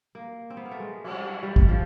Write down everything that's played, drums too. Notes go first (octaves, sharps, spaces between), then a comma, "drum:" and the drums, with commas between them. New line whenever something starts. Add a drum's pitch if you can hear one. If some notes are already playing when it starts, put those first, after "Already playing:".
A#3
C4
B3
A#3
A3
G#3
F#3, drum: cymbal
G3
G3
drum: kick
F3